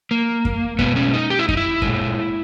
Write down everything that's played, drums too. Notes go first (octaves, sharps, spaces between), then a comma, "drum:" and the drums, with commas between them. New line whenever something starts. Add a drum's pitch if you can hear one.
A#3
drum: kick F#2
B2 G#3 B3, drum: kick F#2
C#4
D#4
G4
E4
D#4, drum: kick F#2
E4
A#2 G#3, drum: kick F#2